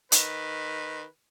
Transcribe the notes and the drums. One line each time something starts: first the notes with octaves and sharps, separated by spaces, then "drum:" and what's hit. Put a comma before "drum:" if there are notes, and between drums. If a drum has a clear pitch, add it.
D#3 B4, drum: hi-hat